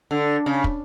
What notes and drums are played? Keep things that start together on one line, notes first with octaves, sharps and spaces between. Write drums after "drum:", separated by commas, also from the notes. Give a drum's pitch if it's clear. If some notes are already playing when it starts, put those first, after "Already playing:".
D3
C#3
drum: kick